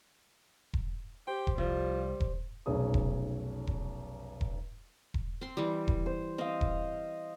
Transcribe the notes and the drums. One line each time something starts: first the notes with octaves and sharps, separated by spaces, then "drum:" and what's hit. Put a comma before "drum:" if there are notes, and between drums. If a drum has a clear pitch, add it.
drum: kick E1
G4 C5 G5
drum: kick E1
C2 F3 G3
drum: kick E1
F1 B1 C#4 G#4 D#6
drum: kick E1
drum: kick E1
drum: kick E1
drum: kick E1
C4 C6
E3 G3
drum: kick E1
C5
C4 D#5 F5
drum: kick E1